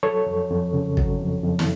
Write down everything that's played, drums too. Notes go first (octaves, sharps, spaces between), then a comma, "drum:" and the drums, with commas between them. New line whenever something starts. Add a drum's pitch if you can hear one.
F#3 A4 C#5
F2
F2
C#3
F#3, drum: kick
F2
F2
drum: snare